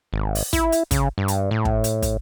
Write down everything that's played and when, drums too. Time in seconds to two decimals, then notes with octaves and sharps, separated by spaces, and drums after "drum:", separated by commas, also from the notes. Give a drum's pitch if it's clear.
0.13 G#1
0.35 drum: open hi-hat
0.53 E4, drum: kick, hi-hat
0.72 drum: hi-hat
0.91 C#3, drum: kick, hi-hat
1.18 G2
1.28 drum: hi-hat
1.51 A2
1.65 drum: kick
1.84 drum: hi-hat
2.02 drum: kick, hi-hat